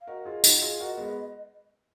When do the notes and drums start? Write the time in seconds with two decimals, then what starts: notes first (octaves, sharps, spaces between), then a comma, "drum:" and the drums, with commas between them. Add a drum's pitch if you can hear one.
0.01 F5
0.07 F#4 A#4 D#5
0.25 F4 G#4
0.44 D#4 F#4, drum: tambourine
0.62 F4 G#4
0.80 F#4 A#4
0.97 G#3 B3